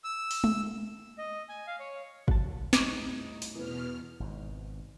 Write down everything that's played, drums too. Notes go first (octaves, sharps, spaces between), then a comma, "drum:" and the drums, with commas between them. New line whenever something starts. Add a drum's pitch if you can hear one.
E6
drum: open hi-hat
drum: tom G#3
D#5
G#5
F5
C#5
F#4 A5, drum: kick G1
D#1 A2 D#4 B5 C#6 D6 G#6, drum: snare
drum: open hi-hat
E2 B2 E3 B3 F6
G#1 G#2 B2